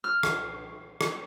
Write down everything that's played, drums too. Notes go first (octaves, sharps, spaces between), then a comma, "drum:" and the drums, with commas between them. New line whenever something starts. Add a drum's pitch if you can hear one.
F6
drum: rim click
drum: rim click